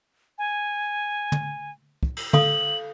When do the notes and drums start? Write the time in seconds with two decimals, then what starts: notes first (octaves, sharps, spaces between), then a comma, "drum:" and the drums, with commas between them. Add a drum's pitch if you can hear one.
0.38 G#5
1.32 drum: tom
2.03 drum: kick
2.17 drum: cymbal
2.33 A4 F5 D#6 F#7, drum: tom